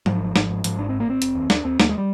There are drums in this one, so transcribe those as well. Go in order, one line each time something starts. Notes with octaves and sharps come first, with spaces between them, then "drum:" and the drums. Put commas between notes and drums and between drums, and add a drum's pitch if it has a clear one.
G#2 F3, drum: tom F#3
G#1
G#2, drum: snare
G#2
G#2 F3, drum: hi-hat
G#1 D4
G#1 C4
A#3
G#1 C4
F1, drum: hi-hat
D#2
D#2 D4, drum: snare
D#2 C4
D#2 A#3, drum: snare
G#3
G3